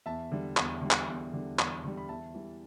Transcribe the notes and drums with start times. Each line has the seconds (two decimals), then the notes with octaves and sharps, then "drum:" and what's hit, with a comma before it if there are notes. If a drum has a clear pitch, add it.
0.06 E2 E5 A5
0.32 D3 G3
0.57 E2, drum: clap
0.82 D3 G3
0.91 drum: clap
1.08 E2
1.33 D3 G3
1.59 E2, drum: clap
1.84 D3 G3
1.97 B5
2.09 E2 E5 A5
2.34 E3 G3